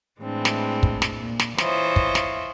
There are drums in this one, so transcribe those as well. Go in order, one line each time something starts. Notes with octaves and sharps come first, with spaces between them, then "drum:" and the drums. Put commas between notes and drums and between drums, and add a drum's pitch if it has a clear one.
A2 E3 G#3 C4 D4
drum: snare
drum: kick
drum: snare
A#2
drum: snare
E3 F4 C5 C#5 D#5 E5, drum: snare
drum: kick
drum: snare